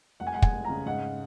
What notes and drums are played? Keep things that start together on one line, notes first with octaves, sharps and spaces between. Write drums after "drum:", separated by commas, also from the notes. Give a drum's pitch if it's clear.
F1 F#5
G#5
G#3 F#5
G#5, drum: kick
F1
A#5
C#3
G#2 F#5